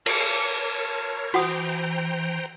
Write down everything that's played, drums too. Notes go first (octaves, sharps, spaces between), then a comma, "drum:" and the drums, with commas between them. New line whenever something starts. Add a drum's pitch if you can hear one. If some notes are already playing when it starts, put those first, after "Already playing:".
A#4 C#5 A5, drum: cymbal
E3 F#4 C5 F#5 G5 A#5 D#6